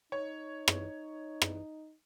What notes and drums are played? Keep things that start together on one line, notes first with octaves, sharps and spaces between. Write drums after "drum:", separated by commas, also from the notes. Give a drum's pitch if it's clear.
D#4 C#5
drum: rim click
drum: rim click